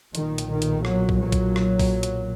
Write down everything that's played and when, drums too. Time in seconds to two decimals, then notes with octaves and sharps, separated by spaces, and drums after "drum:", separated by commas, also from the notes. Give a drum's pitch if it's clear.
0.15 B1 A#2 D#3, drum: hi-hat
0.38 drum: hi-hat
0.50 D#3
0.62 drum: hi-hat
0.85 F#3, drum: rim click
1.09 drum: kick A#1
1.21 F#3
1.32 drum: kick A#1, hi-hat
1.56 drum: rim click
1.80 drum: kick A#1, open hi-hat
2.03 drum: hi-hat